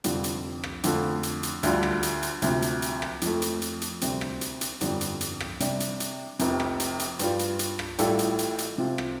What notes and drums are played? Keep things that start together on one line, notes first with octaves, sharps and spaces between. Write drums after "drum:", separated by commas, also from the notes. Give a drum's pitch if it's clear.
F1 F2 D3 G3 F4, drum: hi-hat
drum: hi-hat
drum: rim click
F2 D3 A3 F4, drum: hi-hat
drum: hi-hat
drum: hi-hat
D2 D3 G3 F4, drum: hi-hat
drum: rim click
drum: hi-hat
drum: hi-hat
D2 C3 F3, drum: hi-hat
drum: hi-hat
drum: hi-hat
drum: rim click
F2 F3 A3, drum: hi-hat
drum: hi-hat
drum: hi-hat
drum: hi-hat
D2 C3 G3 C4, drum: hi-hat
drum: rim click
drum: hi-hat
drum: hi-hat
G1 F2 D3 G3, drum: hi-hat
drum: hi-hat
drum: hi-hat
drum: rim click
C3 G3 D4, drum: hi-hat
drum: hi-hat
drum: hi-hat
F1 F2 C3, drum: hi-hat
drum: rim click
drum: hi-hat
drum: hi-hat
G2 G3 F4, drum: hi-hat
drum: hi-hat
drum: hi-hat
drum: rim click
A1 A2 G3 F4 A4, drum: hi-hat
drum: hi-hat
drum: hi-hat
drum: hi-hat
C3 F3 C4 F4
drum: rim click